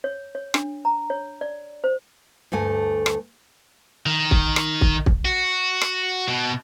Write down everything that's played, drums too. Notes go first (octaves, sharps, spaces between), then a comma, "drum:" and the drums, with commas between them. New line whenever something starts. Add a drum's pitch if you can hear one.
C#5
C#5
D4, drum: rim click
A#5
C#5
D5
C5
D2 G2 A3 G#5
drum: rim click
D#3
drum: kick
drum: rim click
drum: kick
drum: kick
F#4
drum: rim click
B2